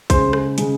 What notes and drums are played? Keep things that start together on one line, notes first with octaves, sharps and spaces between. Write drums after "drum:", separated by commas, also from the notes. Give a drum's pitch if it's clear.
C#3 G#3 C5, drum: kick, hi-hat
drum: rim click
C#3 G#3, drum: hi-hat